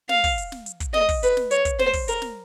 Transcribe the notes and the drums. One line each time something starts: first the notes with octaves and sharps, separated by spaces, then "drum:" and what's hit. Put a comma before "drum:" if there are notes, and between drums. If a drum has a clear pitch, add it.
F5, drum: snare
drum: kick, open hi-hat
drum: hi-hat
drum: snare
drum: hi-hat
drum: kick, hi-hat
D#5, drum: snare
drum: kick, open hi-hat
B4, drum: hi-hat
drum: snare
C#5, drum: hi-hat
drum: kick, hi-hat
C5, drum: snare
drum: kick, open hi-hat
A#4, drum: hi-hat
drum: snare